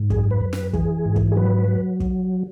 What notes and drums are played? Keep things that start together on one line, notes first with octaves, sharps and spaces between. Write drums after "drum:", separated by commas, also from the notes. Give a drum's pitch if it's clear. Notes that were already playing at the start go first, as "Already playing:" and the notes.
Already playing: G#2
F#2 G#4, drum: kick
B4
F#2
B4, drum: snare
E3 G#4, drum: kick
G#2
drum: kick
G#4
F#3 B4
F#3
drum: kick